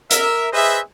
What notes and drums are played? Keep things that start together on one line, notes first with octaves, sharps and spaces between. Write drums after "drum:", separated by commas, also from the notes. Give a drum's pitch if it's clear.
A#4 E5, drum: hi-hat
G#4 B4 C5 D#5 E5